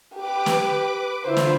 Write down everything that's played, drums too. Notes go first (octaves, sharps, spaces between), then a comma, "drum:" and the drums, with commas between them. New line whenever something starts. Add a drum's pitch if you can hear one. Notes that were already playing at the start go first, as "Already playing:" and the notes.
G4 B4 D6
drum: snare
D3 E4 F4 C5
drum: snare